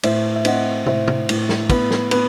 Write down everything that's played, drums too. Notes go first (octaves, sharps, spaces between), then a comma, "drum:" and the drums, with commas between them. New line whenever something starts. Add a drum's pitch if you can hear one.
A2 C5 E5, drum: cymbal
E5
C4 D#5 F#5, drum: cymbal
A2 C5 E5, drum: tom
drum: tom
A2, drum: cymbal
drum: snare
B3, drum: kick, cymbal
drum: snare
B3, drum: cymbal